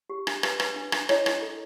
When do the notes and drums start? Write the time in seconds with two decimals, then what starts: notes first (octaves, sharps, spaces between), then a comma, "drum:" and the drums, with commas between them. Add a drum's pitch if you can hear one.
0.10 G4
0.27 D4, drum: rim click
0.43 B4, drum: rim click
0.60 B4, drum: rim click
0.76 D4
0.92 D4, drum: rim click
1.09 E4 C#5 D#5, drum: rim click
1.26 E4, drum: rim click
1.42 A4